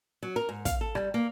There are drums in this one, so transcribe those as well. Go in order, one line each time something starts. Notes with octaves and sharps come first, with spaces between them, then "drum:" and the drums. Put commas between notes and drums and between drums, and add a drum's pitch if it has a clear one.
F#3
A#4
G#2
F5, drum: kick, hi-hat
A4
G3, drum: rim click
A#3